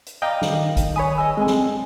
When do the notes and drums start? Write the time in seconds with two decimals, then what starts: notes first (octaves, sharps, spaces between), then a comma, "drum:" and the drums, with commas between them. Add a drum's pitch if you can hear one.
0.06 drum: hi-hat
0.22 D5 D#5 F5 G5 A#5 B5
0.42 D#3 A4, drum: snare
0.77 drum: kick, hi-hat
0.96 B4 C#5 G#5 B5 D#6
1.18 G#4 D#5 G#5 E6
1.37 G#3 C4 G#4 A4 G#5
1.47 drum: snare